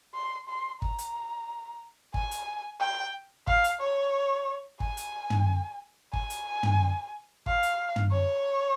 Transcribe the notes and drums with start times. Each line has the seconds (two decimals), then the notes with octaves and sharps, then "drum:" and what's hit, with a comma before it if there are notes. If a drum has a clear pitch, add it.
0.15 C6
0.49 C6
0.82 A#5, drum: kick
0.98 drum: hi-hat
2.14 G#5, drum: kick
2.31 drum: hi-hat
2.81 G5
3.47 F5, drum: kick
3.64 drum: hi-hat
3.81 C#5
4.80 G#5, drum: kick
4.97 drum: hi-hat
5.30 drum: tom
6.13 G#5, drum: kick
6.30 drum: hi-hat
6.63 drum: tom
7.46 F5, drum: kick
7.63 drum: hi-hat
7.96 drum: tom
8.12 C#5